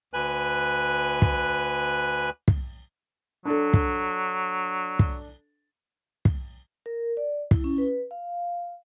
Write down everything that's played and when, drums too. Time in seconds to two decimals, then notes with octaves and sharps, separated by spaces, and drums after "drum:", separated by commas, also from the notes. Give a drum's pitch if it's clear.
0.13 D2 B4 G#5 F#6
1.22 drum: kick
2.48 drum: kick
3.45 F#3 D4 A4
3.74 drum: kick
4.99 drum: kick
6.25 drum: kick
6.86 A#4
7.17 D5
7.51 E4, drum: kick
7.64 C#4
7.78 B4
8.11 F5